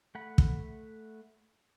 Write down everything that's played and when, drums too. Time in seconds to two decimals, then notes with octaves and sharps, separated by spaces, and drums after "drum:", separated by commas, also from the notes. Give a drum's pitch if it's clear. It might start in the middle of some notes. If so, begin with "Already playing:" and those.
0.15 A3 F#5 B5
0.38 drum: kick